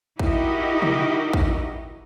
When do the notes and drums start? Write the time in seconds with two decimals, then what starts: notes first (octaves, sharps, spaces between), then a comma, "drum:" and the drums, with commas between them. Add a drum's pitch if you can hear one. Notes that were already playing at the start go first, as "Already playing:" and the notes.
0.19 D#4 E4 F#4 G4 A#4 D#5, drum: kick
0.82 drum: tom
1.33 drum: kick